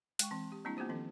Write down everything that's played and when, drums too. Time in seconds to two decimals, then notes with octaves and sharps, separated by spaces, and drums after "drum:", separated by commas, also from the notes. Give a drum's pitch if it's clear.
0.19 G#3 G5 C#6, drum: hi-hat
0.31 E3 C4
0.52 G4
0.65 G3 A#3 C4 D4 E4
0.77 A#3 B3 F4 G4 C5
0.89 D#3 F3 C4 A4